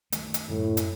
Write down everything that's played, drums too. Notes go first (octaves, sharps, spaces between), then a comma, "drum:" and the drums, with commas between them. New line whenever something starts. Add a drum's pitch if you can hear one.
D#3 A3, drum: hi-hat
drum: hi-hat
F#2 A2
drum: hi-hat